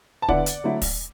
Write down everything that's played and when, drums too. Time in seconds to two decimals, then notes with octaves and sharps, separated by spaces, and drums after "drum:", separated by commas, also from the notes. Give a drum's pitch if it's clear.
0.22 A5
0.28 D3 B3 E4 D5 F#5, drum: kick
0.46 drum: hi-hat
0.64 D3 F#3 A3 E4
0.82 drum: kick, open hi-hat